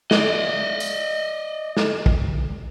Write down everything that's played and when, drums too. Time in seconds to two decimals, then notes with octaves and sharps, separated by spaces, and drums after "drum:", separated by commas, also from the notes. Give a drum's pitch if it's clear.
0.11 D5 D#5, drum: snare
0.80 drum: tambourine
1.77 drum: snare
2.06 drum: kick